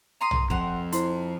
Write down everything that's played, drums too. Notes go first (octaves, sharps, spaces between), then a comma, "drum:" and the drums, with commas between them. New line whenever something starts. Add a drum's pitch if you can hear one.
A#5 C6 D#6
drum: tom
F2 C5 F#5 F7, drum: kick
E4 C5 C6, drum: hi-hat